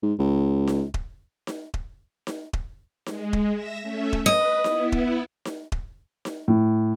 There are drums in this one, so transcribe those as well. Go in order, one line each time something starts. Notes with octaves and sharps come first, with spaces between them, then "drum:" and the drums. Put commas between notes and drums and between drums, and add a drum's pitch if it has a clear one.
G#2
C#2
drum: snare D#4
drum: kick D#1
drum: snare D#4
drum: kick D#1
drum: snare D#4
drum: kick D#1
G#3, drum: snare D#4
drum: kick D#1
E5 E6 A#6
A3 C#4 E5
drum: kick D#1
B4 D#5
B3 E4, drum: snare D#4
drum: kick D#1
drum: snare D#4
drum: kick D#1
drum: snare D#4
A2